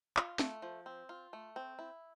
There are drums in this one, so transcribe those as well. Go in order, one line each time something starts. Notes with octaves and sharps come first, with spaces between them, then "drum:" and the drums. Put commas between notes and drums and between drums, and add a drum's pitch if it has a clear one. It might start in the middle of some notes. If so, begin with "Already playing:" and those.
F4, drum: clap
A3, drum: snare
F3
C4
F4
A3
C4
E4